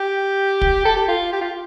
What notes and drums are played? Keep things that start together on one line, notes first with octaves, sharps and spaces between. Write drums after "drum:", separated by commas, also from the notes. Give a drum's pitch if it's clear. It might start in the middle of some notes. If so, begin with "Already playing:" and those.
Already playing: G4
drum: kick
A4
G4
F4
G4
F4